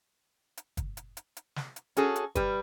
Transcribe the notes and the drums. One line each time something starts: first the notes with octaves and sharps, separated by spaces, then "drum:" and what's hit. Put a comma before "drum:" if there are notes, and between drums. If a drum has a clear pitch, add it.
drum: hi-hat
drum: kick, hi-hat
drum: hi-hat
drum: hi-hat
drum: hi-hat
drum: snare
drum: hi-hat
C#4 F#4 G#4 A4, drum: hi-hat
drum: hi-hat
G3 B4, drum: kick, hi-hat